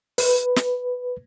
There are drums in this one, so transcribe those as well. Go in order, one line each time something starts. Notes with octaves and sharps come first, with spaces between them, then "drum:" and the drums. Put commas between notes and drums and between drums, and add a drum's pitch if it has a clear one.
B4, drum: open hi-hat
drum: snare